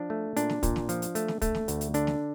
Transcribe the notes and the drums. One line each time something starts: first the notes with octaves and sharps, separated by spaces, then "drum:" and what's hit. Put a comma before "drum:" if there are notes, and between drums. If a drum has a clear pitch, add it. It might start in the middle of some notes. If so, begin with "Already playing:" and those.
Already playing: F3 D4
A3
A#2 D4, drum: hi-hat
drum: snare
A#2, drum: kick, hi-hat
drum: snare
F3, drum: hi-hat
drum: hi-hat
A3, drum: hi-hat
drum: snare
A3, drum: kick, hi-hat
drum: snare
D2, drum: hi-hat
drum: hi-hat
D3 D4, drum: hi-hat
drum: snare